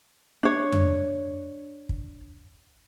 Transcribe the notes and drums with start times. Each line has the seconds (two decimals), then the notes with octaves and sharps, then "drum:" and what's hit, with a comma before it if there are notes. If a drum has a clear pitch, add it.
0.43 D4 C#5
0.72 drum: tom F2
1.89 drum: kick